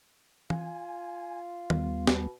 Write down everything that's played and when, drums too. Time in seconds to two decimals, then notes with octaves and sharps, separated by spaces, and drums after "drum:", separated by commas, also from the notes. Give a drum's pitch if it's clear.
0.50 F4 G#5, drum: tom E3
1.70 D#2 G3 B3, drum: tom
2.07 B2, drum: snare